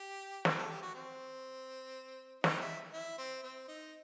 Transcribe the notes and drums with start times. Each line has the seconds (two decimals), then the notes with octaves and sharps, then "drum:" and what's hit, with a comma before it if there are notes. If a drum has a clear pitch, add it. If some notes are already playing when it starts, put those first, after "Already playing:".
Already playing: G4
0.45 F#4, drum: snare
0.58 A4
0.70 G4
0.82 F#4
0.95 C4
2.44 D#4, drum: snare
2.60 E4
2.93 E4
3.18 C4
3.43 C4
3.68 D#4